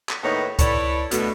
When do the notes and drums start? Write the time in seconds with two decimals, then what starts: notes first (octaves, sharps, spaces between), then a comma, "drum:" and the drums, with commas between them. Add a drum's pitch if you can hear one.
0.09 drum: clap
0.24 D#2 A2 B3 D#4 B4 C#5
0.59 E4 A4 B4 C#5 D5, drum: kick C#2, hi-hat
1.11 B2 D3 A3, drum: hi-hat